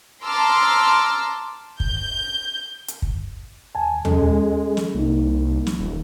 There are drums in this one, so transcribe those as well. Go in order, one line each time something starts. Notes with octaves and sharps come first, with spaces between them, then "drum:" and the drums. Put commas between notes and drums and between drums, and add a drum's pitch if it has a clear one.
A5 A#5 C6 D6 E6 F6
G6, drum: kick
drum: hi-hat
drum: kick
D#2 G#5 A5
G#3 C#4 A4, drum: tom D#2
drum: snare
C2 A#3 D#4
drum: snare
D#1